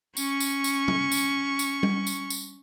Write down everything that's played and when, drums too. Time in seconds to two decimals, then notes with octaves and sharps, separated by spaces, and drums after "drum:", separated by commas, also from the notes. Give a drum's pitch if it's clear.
0.17 C#4 C#6, drum: tambourine
0.40 drum: tambourine
0.64 drum: tambourine
0.88 drum: tom
1.12 drum: tambourine
1.59 drum: tambourine
1.83 drum: tom G3
2.07 drum: tambourine
2.30 drum: tambourine